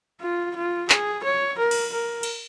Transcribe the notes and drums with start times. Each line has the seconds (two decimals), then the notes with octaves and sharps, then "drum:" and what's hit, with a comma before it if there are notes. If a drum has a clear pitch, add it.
0.21 F4
0.56 F4
0.90 G#4, drum: clap
1.24 C#5
1.58 A#4
1.71 drum: cymbal
1.93 A#4
2.23 drum: cymbal